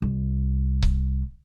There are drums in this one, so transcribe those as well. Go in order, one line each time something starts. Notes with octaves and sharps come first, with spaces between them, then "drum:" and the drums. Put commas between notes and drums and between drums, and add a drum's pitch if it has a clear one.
C2
drum: kick C#1